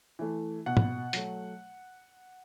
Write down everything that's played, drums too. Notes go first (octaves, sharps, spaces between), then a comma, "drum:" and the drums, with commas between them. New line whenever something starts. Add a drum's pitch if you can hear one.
E3 A3
B2 F#5
drum: tom
F#3 A3, drum: hi-hat